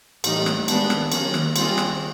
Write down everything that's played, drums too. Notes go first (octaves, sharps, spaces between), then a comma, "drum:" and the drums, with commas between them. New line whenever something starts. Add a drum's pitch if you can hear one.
A2 E3 G3 A#3 D#4, drum: cymbal
drum: rim click
D#3 G#3 B3 D4, drum: cymbal
drum: rim click
D#3 F#3 A#3 C#4, drum: cymbal
drum: rim click
D#3 G3 C4 F4 G#4, drum: cymbal
drum: rim click